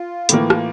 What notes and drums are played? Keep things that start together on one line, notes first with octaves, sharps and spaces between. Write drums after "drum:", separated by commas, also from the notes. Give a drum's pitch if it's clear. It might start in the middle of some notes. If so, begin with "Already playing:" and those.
Already playing: F4
A2 E3 A#3, drum: hi-hat
drum: rim click